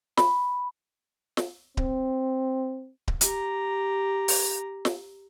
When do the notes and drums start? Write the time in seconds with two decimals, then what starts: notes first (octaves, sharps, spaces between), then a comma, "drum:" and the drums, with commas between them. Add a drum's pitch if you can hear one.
0.17 B5, drum: snare
1.37 drum: snare
1.77 C4, drum: kick D1
3.08 drum: kick D1
3.21 G4 A#5, drum: hi-hat
4.28 drum: open hi-hat
4.85 drum: snare